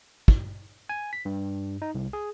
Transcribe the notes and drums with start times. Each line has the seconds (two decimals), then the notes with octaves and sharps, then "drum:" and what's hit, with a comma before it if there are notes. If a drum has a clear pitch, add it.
0.28 drum: kick
0.89 G#5
1.13 B6
1.25 G2
1.82 D#4
1.95 C2
2.13 G#4